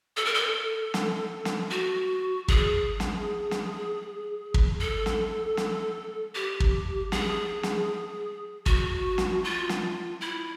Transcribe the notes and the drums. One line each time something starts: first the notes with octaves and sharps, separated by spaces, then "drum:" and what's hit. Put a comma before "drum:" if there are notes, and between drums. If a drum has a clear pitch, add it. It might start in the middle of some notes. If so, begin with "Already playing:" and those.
A4
A#4
A4
drum: snare
drum: snare
F#4
G#4, drum: kick
drum: snare
drum: snare
drum: kick
A4
drum: snare
drum: snare
G4
drum: kick
G#4, drum: snare
drum: snare
F#4, drum: kick
drum: snare
F4
drum: snare
E4